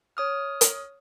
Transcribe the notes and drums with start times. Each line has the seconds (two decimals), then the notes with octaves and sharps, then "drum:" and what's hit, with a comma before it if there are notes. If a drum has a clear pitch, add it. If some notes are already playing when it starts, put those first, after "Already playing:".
0.17 C#5 D#6 F6
0.61 drum: hi-hat